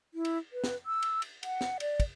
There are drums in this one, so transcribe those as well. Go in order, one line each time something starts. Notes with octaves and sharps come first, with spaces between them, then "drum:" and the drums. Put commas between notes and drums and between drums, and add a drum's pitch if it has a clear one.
E4
drum: cymbal
B4
drum: snare
E6
drum: cymbal
drum: cymbal
F#5, drum: cymbal
drum: snare
D5, drum: cymbal
drum: kick, cymbal